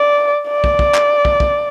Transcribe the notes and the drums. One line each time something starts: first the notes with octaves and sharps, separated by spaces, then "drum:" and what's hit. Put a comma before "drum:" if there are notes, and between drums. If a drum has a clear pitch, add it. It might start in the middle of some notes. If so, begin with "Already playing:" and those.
Already playing: D5
D5
drum: kick
drum: kick
drum: clap
drum: kick
drum: kick